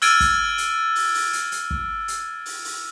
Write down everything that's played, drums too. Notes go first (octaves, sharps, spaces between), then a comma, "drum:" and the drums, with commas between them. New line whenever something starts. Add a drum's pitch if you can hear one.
E6 F6 G#6 A6 D7 D#7, drum: hi-hat
drum: kick, hi-hat
drum: hi-hat
drum: open hi-hat
drum: open hi-hat
drum: hi-hat
drum: hi-hat
drum: kick
drum: hi-hat
drum: open hi-hat
drum: open hi-hat